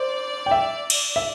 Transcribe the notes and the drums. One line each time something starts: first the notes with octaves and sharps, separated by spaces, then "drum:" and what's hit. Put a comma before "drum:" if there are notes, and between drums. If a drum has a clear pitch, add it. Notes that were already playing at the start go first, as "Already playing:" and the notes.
Already playing: C5 D5
G5
E5
drum: cymbal
E5